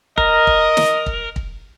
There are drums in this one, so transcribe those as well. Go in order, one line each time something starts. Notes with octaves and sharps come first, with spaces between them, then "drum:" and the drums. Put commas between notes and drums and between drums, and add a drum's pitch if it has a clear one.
A#4 D#5, drum: kick
drum: kick
drum: snare
drum: kick
drum: kick